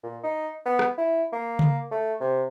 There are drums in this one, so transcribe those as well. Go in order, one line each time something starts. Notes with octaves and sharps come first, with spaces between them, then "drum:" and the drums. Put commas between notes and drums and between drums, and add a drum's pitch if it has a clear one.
A#2
D#4
B3
drum: rim click
E4
A#3
drum: tom C#3
A3
C3